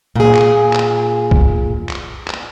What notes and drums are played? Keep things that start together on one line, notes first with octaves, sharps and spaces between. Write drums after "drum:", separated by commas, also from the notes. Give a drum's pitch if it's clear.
A#2 G#4
drum: clap
drum: clap
drum: kick
drum: clap
drum: clap